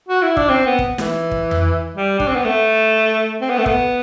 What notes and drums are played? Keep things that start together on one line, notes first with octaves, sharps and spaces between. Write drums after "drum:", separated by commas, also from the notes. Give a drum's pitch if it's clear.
F#4
E4
D4, drum: kick
C4
B3
drum: kick
E3, drum: snare
drum: kick
drum: tom F2
G3
D4, drum: kick
C4
B3
A3
C4
B3
A3
B3, drum: kick